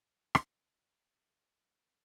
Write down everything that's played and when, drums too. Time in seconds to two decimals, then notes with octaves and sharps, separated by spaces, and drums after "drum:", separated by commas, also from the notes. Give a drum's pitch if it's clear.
0.35 drum: rim click
1.18 F#3
1.34 G#4
1.46 D4
1.64 A4
1.83 D3 A4